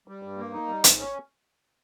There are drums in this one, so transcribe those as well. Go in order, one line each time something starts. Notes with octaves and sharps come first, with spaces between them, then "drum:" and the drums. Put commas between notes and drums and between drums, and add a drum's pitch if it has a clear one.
G3
G2
A#3
D#4
G3
G#2, drum: hi-hat
C#4